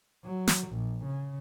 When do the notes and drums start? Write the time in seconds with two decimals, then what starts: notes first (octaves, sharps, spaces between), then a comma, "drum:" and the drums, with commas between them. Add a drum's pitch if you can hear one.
0.24 F#3
0.48 drum: snare
0.68 A#1
1.05 C#3